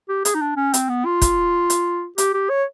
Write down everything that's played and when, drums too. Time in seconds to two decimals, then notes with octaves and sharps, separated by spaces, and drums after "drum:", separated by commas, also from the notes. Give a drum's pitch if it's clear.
0.09 G4
0.25 G#4, drum: hi-hat
0.35 D#4
0.42 D4
0.57 C#4
0.74 C4, drum: hi-hat
0.89 B3
1.06 F4
1.22 drum: kick, hi-hat
1.70 drum: hi-hat
2.18 G4, drum: hi-hat
2.34 G4
2.50 C#5